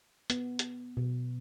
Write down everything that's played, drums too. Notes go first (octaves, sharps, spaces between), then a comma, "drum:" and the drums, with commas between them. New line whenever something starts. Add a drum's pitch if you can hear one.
B3, drum: hi-hat
drum: hi-hat
B2